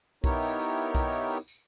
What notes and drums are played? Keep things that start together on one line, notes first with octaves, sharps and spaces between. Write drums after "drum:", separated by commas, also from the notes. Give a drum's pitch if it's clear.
B3 D#4 E4 G4 A#4 C#5, drum: kick B1, tambourine
drum: tambourine
drum: tambourine
drum: tambourine
drum: kick B1, tambourine
drum: tambourine
drum: tambourine
drum: tambourine